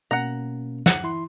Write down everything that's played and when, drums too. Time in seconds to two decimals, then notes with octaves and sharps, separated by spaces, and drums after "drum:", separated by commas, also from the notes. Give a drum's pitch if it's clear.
0.11 B2 A#3 C#4 F#5 A#5
0.86 F#5, drum: snare
1.03 E3 E4 C6